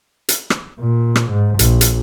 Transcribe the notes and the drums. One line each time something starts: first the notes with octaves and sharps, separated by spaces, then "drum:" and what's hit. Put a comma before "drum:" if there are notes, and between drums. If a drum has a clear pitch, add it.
drum: hi-hat
drum: rim click
A#2
drum: rim click
G#2
A#1, drum: hi-hat
drum: hi-hat